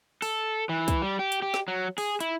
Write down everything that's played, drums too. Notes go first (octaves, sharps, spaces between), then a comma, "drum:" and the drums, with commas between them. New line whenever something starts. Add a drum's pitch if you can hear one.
A4, drum: open hi-hat
E3
drum: kick, hi-hat
G3
G4
drum: hi-hat
G4
drum: snare
F#3
G#4, drum: open hi-hat
E4, drum: hi-hat